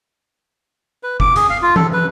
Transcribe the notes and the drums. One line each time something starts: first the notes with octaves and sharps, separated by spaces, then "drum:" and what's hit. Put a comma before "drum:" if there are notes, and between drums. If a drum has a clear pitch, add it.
B4
D6, drum: kick F#1
G#4, drum: hi-hat
F5
F4
A4, drum: tom E3
B4